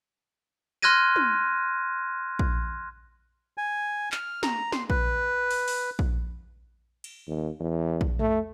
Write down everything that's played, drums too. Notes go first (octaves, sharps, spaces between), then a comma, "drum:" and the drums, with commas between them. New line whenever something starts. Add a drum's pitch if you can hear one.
C6 F6 F#6 G#6 A#6 D#7
drum: tom
drum: kick A#1
G#5
F6, drum: clap
A#5, drum: snare
C6, drum: snare
B4, drum: kick A#1
drum: open hi-hat
drum: open hi-hat
drum: kick A#1
drum: cymbal
D#2
E2
drum: kick A#1
A3, drum: tom